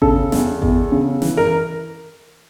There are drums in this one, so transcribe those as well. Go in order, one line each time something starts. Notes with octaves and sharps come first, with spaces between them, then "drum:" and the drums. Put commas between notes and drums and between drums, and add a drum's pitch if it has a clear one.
C#3 A4, drum: kick G#1
E2, drum: snare
E2, drum: kick G#1
C#3
E3, drum: snare
A#4